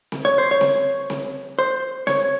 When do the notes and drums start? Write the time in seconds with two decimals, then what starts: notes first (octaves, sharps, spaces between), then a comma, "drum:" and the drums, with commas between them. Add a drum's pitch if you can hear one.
0.12 drum: snare C4
0.25 C#5
0.38 C5
0.51 C#5
0.61 drum: snare C4
1.10 drum: snare C4
1.59 C5
2.07 C#5, drum: snare C4